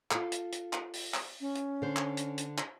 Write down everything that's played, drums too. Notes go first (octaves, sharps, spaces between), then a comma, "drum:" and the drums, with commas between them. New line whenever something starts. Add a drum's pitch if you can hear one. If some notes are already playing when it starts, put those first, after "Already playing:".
F4 A4, drum: clap
drum: hi-hat
drum: hi-hat
drum: clap
drum: open hi-hat
drum: clap
C#4
drum: hi-hat
D3 C5
drum: clap
drum: hi-hat
drum: hi-hat
drum: clap